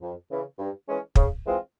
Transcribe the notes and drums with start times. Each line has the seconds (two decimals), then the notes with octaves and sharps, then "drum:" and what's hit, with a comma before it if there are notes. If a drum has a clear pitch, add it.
0.02 F2
0.31 C#3 E3
0.59 G2
0.87 E3 G#3 C#4
1.15 C#3, drum: kick
1.45 E3 G#3 C4 F4